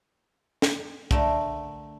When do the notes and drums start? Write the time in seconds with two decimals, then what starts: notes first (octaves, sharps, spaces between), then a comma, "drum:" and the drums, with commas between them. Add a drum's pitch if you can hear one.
0.62 drum: snare
1.11 D3 A3 A#4, drum: kick